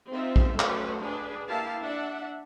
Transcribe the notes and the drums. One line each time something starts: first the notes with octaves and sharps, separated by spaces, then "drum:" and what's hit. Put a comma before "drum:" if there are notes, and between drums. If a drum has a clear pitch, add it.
C4 D#4 F4 E5
drum: kick A#1
F#3 A3 C#4 B4 C5, drum: clap
D4 G#4 B4
A#3 E4 G4 F5 A5
D4 E5 F#5